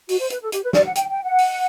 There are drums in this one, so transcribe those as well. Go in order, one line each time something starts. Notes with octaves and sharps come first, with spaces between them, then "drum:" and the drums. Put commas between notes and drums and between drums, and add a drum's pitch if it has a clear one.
F#4, drum: open hi-hat
C5
B4, drum: hi-hat
A4
G4, drum: hi-hat
B4
D5, drum: snare
F#5
G5, drum: hi-hat
G5
F#5
drum: open hi-hat